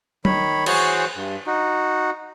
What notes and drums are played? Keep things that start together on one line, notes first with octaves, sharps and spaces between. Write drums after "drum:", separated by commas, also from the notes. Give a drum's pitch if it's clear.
D#3 C#5 B5, drum: tom
E3 F#4 G#4 C5 C#5, drum: cymbal
G2
D#4 F#4